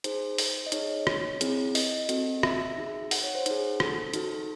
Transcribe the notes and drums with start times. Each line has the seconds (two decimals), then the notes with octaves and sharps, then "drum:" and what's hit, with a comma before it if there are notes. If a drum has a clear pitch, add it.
0.04 D#4 G#4 C5, drum: hi-hat
0.38 drum: open hi-hat
0.66 D#5
0.72 D#4 G#4 C#5, drum: hi-hat
1.07 drum: rim click
1.41 C4 E4 G#4, drum: hi-hat
1.75 D#5, drum: open hi-hat
2.09 C4 F#4 A4, drum: hi-hat
2.43 E5, drum: rim click
2.77 D#4 G#4
3.11 F#5, drum: open hi-hat
3.24 C#5
3.35 C5
3.46 D#4 G#4, drum: hi-hat
3.80 A4, drum: rim click
4.14 D#4 F#4 A4, drum: hi-hat